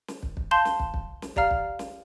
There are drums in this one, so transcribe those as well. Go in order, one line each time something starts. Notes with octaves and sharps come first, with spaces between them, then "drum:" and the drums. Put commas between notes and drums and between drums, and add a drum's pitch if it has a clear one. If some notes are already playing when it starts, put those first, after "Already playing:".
drum: snare
drum: kick
drum: kick
F5 A5 C6 G6
drum: snare
drum: kick
drum: kick
drum: snare
G4 D5 F5 A#5 F6, drum: kick
drum: kick
drum: snare